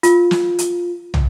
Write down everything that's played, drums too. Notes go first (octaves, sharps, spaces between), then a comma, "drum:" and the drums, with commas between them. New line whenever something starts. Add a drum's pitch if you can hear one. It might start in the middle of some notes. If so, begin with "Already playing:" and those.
F4, drum: hi-hat
drum: snare
drum: hi-hat
drum: tom